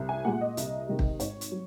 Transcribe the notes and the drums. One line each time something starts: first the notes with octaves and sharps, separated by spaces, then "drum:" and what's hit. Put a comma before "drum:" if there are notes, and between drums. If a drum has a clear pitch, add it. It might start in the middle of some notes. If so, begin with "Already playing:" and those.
Already playing: C2
G#5
A#2 G#3 F#5
D#5
C2, drum: hi-hat
C3 D#3 G#3
drum: kick
G#1 C#5, drum: hi-hat
drum: hi-hat
F#3